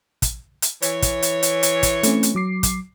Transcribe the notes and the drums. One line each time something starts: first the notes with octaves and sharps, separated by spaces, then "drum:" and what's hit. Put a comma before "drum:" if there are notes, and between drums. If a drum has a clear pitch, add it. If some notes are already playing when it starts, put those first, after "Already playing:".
drum: kick, hi-hat
drum: hi-hat
E3 C#5, drum: hi-hat
drum: kick, hi-hat
drum: hi-hat
drum: hi-hat
drum: hi-hat
drum: kick, hi-hat
A3 C4 C#4, drum: hi-hat
drum: hi-hat
F#3 D6 C7
drum: kick, hi-hat